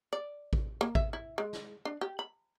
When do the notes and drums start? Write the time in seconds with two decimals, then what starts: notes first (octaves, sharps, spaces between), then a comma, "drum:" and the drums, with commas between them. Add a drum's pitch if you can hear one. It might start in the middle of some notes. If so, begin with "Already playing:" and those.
0.13 D5
0.53 drum: kick A1
0.81 A#3
0.95 E5, drum: kick A1
1.13 E4
1.38 G#3
1.53 drum: snare
1.85 D4
2.01 G4
2.19 B5